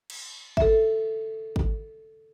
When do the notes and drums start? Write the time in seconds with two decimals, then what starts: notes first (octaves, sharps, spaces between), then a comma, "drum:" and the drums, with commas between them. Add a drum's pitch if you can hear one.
0.10 drum: cymbal
0.57 A4 E5, drum: kick G#1
1.56 drum: kick G#1